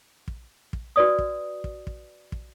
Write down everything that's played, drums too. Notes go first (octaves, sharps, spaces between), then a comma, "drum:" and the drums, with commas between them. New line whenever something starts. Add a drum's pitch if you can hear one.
drum: kick
drum: kick
F#4 B4 D5 D#6
drum: kick
drum: kick
drum: kick
drum: kick